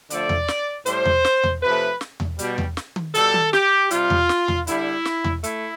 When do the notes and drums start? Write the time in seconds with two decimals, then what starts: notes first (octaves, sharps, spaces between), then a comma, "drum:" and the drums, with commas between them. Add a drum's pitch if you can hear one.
0.10 D3 F3 A3 D5, drum: hi-hat
0.29 drum: tom E2
0.48 drum: snare
0.86 A2 G3 C5, drum: hi-hat
1.06 drum: tom E2
1.25 drum: snare
1.44 drum: tom E2
1.62 C3 F3 A3 B4
2.01 drum: snare
2.20 drum: tom E2
2.39 B2 G3, drum: hi-hat
2.58 drum: tom E2
2.77 drum: snare
2.96 drum: tom D#3
3.14 B2 G3 A4, drum: hi-hat
3.34 drum: tom D#3
3.53 G4, drum: snare
3.91 C3 G3 F4, drum: hi-hat
4.10 drum: tom E2
4.29 drum: snare
4.48 drum: tom E2
4.67 D3 G3 E4, drum: hi-hat
5.05 drum: snare
5.24 drum: tom E2
5.44 A3 E4, drum: hi-hat